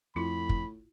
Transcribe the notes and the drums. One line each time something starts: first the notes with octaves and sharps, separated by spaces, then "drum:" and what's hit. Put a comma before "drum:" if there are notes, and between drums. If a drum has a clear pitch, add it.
F2 A2 E4 F4 B5
drum: kick